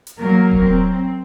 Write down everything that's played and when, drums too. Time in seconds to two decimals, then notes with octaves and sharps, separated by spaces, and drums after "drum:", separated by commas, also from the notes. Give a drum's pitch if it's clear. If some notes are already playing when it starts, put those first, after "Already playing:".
0.07 drum: hi-hat
0.20 F#3 A#3 A#4
0.51 drum: kick D#1
0.63 C4